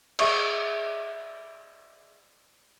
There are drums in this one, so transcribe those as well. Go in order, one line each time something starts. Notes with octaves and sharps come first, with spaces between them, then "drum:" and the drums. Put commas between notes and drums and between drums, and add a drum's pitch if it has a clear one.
G#4 E5 C#6 D#6, drum: cymbal